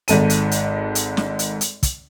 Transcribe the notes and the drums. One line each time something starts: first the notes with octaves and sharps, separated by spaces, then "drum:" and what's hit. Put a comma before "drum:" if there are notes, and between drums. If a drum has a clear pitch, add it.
G#1 G#2 A4 D#7, drum: hi-hat
drum: hi-hat
drum: hi-hat
drum: hi-hat
drum: snare
drum: hi-hat
drum: hi-hat
drum: kick, hi-hat